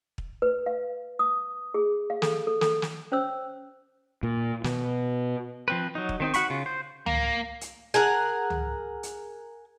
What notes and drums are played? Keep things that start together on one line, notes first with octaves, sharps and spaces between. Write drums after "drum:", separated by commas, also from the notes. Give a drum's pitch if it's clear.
drum: kick
B4
F5
D#6
G#4
F5
A4, drum: snare
A4
A4, drum: snare
drum: snare
C#4 C5 C#5 E6
A#2
B2, drum: snare
F3 C4 B4
F#3 D#4
drum: kick
D#3 C4 D#4
F#4 F#5 B5 C#6, drum: hi-hat
C#3 F4
C5
A#3, drum: tom C#2
drum: hi-hat
G#4 A#4 F#5
drum: tom C#2
drum: hi-hat